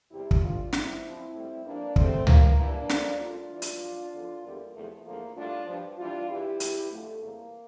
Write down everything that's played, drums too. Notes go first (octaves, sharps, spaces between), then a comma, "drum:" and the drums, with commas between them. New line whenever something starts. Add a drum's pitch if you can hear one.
E2 C3 G3 E4 G4
drum: kick
A2 E3 G3 D4 F4
E2 C3 G3 C4 E4, drum: snare
G2 F3
A2 G3
G2 F3 A#3 D4
E2 D3 G3 A3 C4, drum: kick
F2 E3 G3 A#3, drum: tom C#2
G2 E3 G3 A#3 D4
F2 C3 F3, drum: snare
D2 D3 G3 D4 F4
G2 E3 G3
drum: hi-hat
G2 F3
E2 D3 F3
E2 D3 G3 A#3
E2 C3 F3 A3
E2 D3 F3 A#3
A2 G3 D4 F4
G2 F3
G2 E3 G3 D4 F4
E2 E3 G3 E4 G4
E2 E3 G3, drum: hi-hat
F2 D3 F3 A3
E2 C3 E3 G3 A#3